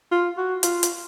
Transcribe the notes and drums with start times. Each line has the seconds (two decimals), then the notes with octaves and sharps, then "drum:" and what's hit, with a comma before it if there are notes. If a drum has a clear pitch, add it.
0.11 F4
0.37 F#4
0.63 F4, drum: hi-hat
0.83 drum: hi-hat